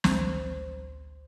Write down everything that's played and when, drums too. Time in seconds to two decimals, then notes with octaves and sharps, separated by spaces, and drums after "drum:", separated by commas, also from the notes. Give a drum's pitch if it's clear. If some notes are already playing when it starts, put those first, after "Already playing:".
0.04 A1 D2 C5, drum: snare